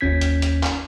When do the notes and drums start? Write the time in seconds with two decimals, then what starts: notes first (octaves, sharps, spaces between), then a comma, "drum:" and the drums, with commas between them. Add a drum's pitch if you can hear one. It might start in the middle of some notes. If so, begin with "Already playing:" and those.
0.01 G1 D#2 C#4 G6 G#6 B6
0.21 drum: hi-hat
0.42 drum: hi-hat
0.63 drum: clap